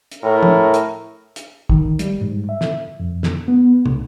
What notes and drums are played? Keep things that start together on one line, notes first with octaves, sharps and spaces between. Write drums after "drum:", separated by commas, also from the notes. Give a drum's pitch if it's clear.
drum: hi-hat
A2 A#4
drum: tom
drum: hi-hat
drum: hi-hat
D#3, drum: kick
G3, drum: hi-hat
G#2
E5
drum: snare
F2
drum: snare
B3
C2, drum: tom